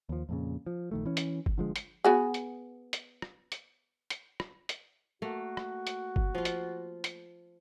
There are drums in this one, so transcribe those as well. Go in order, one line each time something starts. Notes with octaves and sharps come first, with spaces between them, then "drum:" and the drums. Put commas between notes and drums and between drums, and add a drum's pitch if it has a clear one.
D#2 F3
F2 A#2 C#3
F3
A#1 D#3 A3
E3 C#4
drum: hi-hat
drum: kick G1
D3 F3 G#3
drum: hi-hat
B3 F#4 G#4
drum: hi-hat
drum: hi-hat
drum: rim click
drum: hi-hat
drum: hi-hat
drum: rim click
drum: hi-hat
A3 A#3 F#4
drum: rim click
drum: hi-hat
drum: kick G1
F3 F4
drum: hi-hat
drum: hi-hat